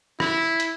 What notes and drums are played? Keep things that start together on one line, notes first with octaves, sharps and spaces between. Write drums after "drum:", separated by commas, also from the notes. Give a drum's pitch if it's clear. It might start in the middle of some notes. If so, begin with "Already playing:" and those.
E4, drum: rim click
drum: hi-hat